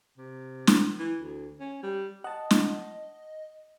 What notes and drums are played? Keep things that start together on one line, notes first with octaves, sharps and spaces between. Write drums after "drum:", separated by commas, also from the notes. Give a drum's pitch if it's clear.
C3
drum: snare
E3
D2
C#4
G3
D#5 F#5 A5
drum: snare